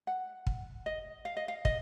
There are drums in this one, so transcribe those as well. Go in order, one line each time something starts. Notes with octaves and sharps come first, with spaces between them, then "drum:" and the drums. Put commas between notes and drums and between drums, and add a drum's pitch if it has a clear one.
F#5
drum: kick
D#5
F5
D#5
F5
D#5, drum: kick